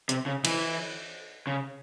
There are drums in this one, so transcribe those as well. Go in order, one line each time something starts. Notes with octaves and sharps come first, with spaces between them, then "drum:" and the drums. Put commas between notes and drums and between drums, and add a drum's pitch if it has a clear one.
C3, drum: hi-hat
C#3
E3, drum: cymbal
C#3